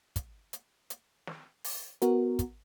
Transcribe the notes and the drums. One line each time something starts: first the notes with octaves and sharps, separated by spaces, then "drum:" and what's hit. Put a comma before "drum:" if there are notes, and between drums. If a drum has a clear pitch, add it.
drum: kick, hi-hat
drum: hi-hat
drum: hi-hat
drum: snare
drum: open hi-hat
B3 F#4 A#4, drum: hi-hat
drum: kick, hi-hat